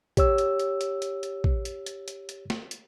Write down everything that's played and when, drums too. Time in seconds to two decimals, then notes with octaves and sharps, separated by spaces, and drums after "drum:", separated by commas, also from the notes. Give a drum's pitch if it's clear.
0.17 G4 C#5 E6, drum: kick, hi-hat
0.38 drum: hi-hat
0.60 drum: hi-hat
0.81 drum: hi-hat
1.02 drum: hi-hat
1.23 drum: hi-hat
1.44 drum: kick
1.65 drum: hi-hat
1.86 drum: hi-hat
2.08 drum: hi-hat
2.29 drum: hi-hat
2.50 drum: snare
2.71 drum: hi-hat